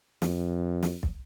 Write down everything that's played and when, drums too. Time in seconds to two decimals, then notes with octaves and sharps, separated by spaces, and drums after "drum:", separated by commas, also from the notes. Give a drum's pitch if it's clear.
0.22 F2, drum: snare
0.83 drum: snare
1.03 drum: kick